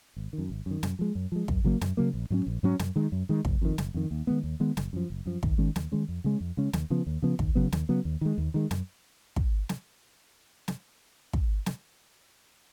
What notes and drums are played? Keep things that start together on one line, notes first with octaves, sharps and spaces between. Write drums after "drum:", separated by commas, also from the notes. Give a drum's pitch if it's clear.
G#1
D#3
F#2
G#1
F#2 D#3
F#2, drum: snare
F3 G#3
F#2
F3 G#3
F#2, drum: kick
C#3 F#3 A#3
F#2, drum: snare
C#3 F#3 A#3
A#1
G#2 F#3 C#4
A#1
G#2 F#3 C#4
F#2, drum: snare
D#3 G#3
F#2
D#3 G#3
F#1, drum: kick
F2 D#3
F#1, drum: snare
F2 D#3
D#2
D#3 G#3 B3
D#2
D#3 G#3 B3
F#1, drum: snare
F#2 F3
F#1
F#2 F3
D#2, drum: kick
D#3 G#3 C#4
D#2, drum: snare
D#3 G#3 C#4
F2
C#3 G#3 C#4
F2
C#3 G#3 C#4
D#2, drum: snare
C#3 F3 B3
D#2
C#3 F3 B3
D#2, drum: kick
C#3 F#3 B3
D#2, drum: snare
C#3 F#3 B3
D#2
D#3 G#3
D#2
D#3 G#3
F#2, drum: snare
drum: kick
drum: snare
drum: snare
drum: kick
drum: snare